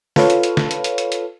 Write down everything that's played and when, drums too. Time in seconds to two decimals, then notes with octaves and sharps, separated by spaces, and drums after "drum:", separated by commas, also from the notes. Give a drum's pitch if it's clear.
0.16 F4 A4 B4 C#5 F5, drum: snare
0.30 drum: hi-hat
0.43 drum: hi-hat
0.57 drum: snare
0.71 drum: hi-hat
0.84 drum: hi-hat
0.98 drum: hi-hat
1.12 drum: hi-hat